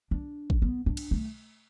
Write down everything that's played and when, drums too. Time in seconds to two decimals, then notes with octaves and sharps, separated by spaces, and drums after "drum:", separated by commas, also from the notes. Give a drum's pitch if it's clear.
0.11 D4
0.50 drum: kick G#1
0.62 B3
0.86 D4
0.97 drum: cymbal
1.11 A3